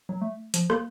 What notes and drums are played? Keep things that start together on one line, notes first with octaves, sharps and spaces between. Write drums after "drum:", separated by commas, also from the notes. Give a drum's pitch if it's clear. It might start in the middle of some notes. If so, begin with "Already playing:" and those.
F#3
A3
F3, drum: hi-hat
A#3, drum: rim click